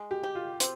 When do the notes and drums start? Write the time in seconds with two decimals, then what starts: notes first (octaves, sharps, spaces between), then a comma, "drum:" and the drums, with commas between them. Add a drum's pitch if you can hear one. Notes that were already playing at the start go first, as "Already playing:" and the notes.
Already playing: G#3
0.11 G4
0.23 G4
0.35 F4
0.60 C4, drum: hi-hat